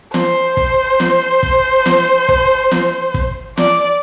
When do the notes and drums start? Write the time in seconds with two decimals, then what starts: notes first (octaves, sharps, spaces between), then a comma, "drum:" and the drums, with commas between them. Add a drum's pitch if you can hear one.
0.14 C5, drum: snare
0.57 drum: kick
1.00 drum: snare
1.43 drum: kick
1.86 drum: snare
2.29 drum: kick
2.71 drum: snare
3.14 drum: kick
3.57 D5, drum: snare